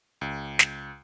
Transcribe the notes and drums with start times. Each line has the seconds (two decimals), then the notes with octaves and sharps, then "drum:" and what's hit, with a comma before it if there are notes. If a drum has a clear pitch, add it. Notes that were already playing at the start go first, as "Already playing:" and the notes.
0.21 C#2
0.59 drum: snare